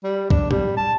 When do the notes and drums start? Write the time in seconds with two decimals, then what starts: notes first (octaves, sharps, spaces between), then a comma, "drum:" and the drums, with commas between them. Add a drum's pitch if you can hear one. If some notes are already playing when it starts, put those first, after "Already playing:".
0.04 G3
0.30 D4, drum: kick
0.51 G3, drum: tom A2
0.77 A5